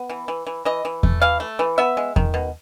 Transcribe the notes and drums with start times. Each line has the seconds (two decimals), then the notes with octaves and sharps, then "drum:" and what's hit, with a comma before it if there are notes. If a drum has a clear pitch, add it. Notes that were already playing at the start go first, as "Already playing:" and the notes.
Already playing: B3
0.10 E3
0.28 E3
0.47 E3
0.65 E3 D#5
0.85 E3
1.03 A3, drum: kick E2
1.22 E3 F5
1.40 A3
1.59 E3
1.78 B3 E5
1.97 G#3
2.16 D#3, drum: kick E2
2.34 B2